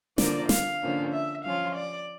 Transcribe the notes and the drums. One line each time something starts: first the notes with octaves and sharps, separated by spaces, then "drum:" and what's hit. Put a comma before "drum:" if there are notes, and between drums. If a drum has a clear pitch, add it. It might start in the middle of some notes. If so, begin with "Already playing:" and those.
D3 F3 A#3 D5, drum: snare
F5, drum: snare
D3 F3 A#3 C#4
E5
F3 C#4 F4 F5
D5